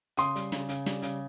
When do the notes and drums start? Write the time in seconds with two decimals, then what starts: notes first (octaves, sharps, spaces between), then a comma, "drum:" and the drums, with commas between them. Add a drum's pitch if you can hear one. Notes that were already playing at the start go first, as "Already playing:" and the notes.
0.17 C#3 C6 D#6, drum: hi-hat
0.36 G3, drum: hi-hat
0.52 C#3, drum: snare
0.69 C#3, drum: hi-hat
0.86 G3, drum: snare
1.02 C#3, drum: hi-hat